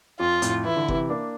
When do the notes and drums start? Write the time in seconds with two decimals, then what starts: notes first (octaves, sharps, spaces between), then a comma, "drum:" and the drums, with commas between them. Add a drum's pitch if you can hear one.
0.19 F2 F4
0.42 F2 A2, drum: hi-hat
0.65 E3 E4
0.76 D3
0.88 C3 E3, drum: kick F#1
1.09 A#3 D4